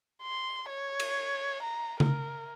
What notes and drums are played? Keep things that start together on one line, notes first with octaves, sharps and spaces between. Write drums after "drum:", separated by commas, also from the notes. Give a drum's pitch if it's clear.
C6
C#5
drum: cymbal
A#5
A#4, drum: tom C#3